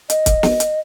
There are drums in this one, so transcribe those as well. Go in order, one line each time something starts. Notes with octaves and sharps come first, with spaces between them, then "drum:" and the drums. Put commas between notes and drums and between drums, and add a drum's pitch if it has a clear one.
D#5, drum: hi-hat
drum: kick, hi-hat
drum: snare
drum: hi-hat